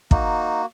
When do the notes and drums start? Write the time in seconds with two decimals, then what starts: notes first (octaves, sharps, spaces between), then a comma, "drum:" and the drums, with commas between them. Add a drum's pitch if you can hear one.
0.11 A#3 D#4 F#4, drum: kick